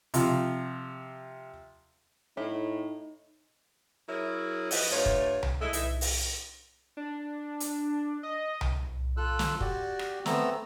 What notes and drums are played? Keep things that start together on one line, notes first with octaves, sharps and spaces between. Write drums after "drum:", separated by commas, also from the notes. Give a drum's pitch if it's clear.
C3 F3, drum: hi-hat
A2 D#4 E4
F#3 E4 G#4 A#4 C#5
F3 F#4 B4 D#5, drum: open hi-hat
G2 A3 F4 C#5
drum: kick
drum: tom C2
G#3 A3 E4 A4
E3 G#3 D#4 E5, drum: hi-hat
drum: open hi-hat
D4
drum: hi-hat
D#5
drum: tom C2
F4 A4 E6 F#6
drum: snare
F#4 G4 D5, drum: kick
drum: rim click
A3 B3 C4 A#5 E6, drum: snare